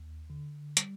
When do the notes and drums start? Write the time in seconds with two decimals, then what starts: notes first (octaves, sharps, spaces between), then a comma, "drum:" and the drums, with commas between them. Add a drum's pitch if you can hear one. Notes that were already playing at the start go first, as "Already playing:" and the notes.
Already playing: D#2
0.30 D3
0.77 G3, drum: hi-hat